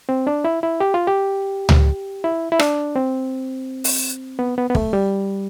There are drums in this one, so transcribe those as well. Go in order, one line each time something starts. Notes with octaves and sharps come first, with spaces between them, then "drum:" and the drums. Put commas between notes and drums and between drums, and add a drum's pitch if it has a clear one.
C4
D4
E4
E4
G4
F4
G4
drum: tom C#2
E4
E4
D4, drum: rim click
C4
drum: open hi-hat
B3
B3
B3
A3, drum: kick
G3